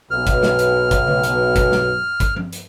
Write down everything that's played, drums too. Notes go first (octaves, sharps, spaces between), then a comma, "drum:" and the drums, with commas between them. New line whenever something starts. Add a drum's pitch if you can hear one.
B1 F6
drum: kick, hi-hat
drum: snare
drum: hi-hat
drum: kick, hi-hat
drum: tom C#3
drum: hi-hat
drum: kick, hi-hat
drum: snare
drum: kick, hi-hat
drum: tom F3
drum: hi-hat